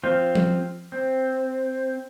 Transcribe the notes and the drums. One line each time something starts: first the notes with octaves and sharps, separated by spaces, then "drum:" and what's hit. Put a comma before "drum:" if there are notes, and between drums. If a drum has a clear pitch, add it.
F3 C4 F4
drum: tom F3
C4